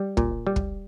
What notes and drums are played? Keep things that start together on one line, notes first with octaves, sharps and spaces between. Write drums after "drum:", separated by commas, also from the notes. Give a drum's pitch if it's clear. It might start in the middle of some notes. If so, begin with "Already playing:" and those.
Already playing: G3
A#2, drum: kick
G3
drum: kick